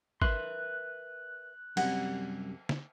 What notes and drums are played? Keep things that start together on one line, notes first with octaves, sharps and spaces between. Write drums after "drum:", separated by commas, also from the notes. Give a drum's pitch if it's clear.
A#4 B4 E5 C6 F#6, drum: kick
F#2 C3 G3 G4 F#5, drum: cymbal
drum: snare